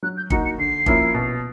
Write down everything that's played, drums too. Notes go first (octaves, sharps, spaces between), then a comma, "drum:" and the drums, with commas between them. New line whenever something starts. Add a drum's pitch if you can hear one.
F#3 F#6
G6
A#3 D#4 F#4 C#7, drum: kick
C#7
D3 C7
F3 A#3 C#4 E4, drum: kick
B2